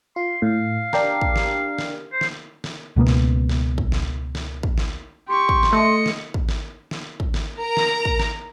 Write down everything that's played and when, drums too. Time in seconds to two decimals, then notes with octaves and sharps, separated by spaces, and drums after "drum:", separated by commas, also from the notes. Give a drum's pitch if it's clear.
0.16 F4 C6
0.42 A2 F5
0.93 D4 G4 A#4, drum: snare
1.21 drum: kick
1.36 drum: snare
1.78 drum: snare
2.12 C5
2.21 drum: snare
2.64 drum: snare
2.96 C#2 B2 A#3 B3
3.07 drum: snare
3.49 drum: snare
3.78 drum: kick
3.92 drum: snare
4.35 drum: snare
4.63 drum: kick
4.78 drum: snare
5.29 G4 C6 C#6
5.49 drum: kick
5.63 drum: snare
5.73 A3 D#5 C#7
6.06 drum: snare
6.34 drum: kick
6.49 drum: snare
6.91 drum: snare
7.20 drum: kick
7.34 drum: snare
7.58 A#4 A#5
7.77 drum: snare
8.05 drum: kick
8.20 drum: snare